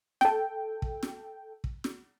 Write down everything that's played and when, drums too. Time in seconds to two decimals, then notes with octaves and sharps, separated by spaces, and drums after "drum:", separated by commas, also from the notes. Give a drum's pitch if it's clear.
0.21 A4 G5, drum: snare
0.82 drum: kick
1.03 drum: snare
1.64 drum: kick
1.84 drum: snare